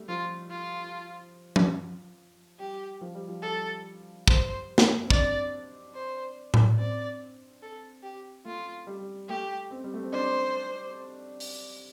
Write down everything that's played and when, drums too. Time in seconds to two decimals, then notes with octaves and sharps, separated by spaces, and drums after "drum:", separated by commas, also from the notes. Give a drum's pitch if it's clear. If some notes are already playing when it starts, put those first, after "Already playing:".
Already playing: G3 A3
0.08 F3 F4
0.50 F4
1.56 drum: tom F3
2.60 G3 G4
3.01 F3
3.15 G3
3.28 F3
3.43 G3 A4
4.28 C5, drum: kick
4.78 drum: snare
5.06 C4
5.10 D4 D5, drum: kick
5.95 C5
6.54 drum: tom A2
6.78 C4 D5
7.62 A4
8.03 G4
8.45 A3 F4
8.87 G3
9.29 A3 G4
9.71 C4
9.84 G3
9.94 A3
10.03 C4
10.13 D4 C5
11.40 drum: open hi-hat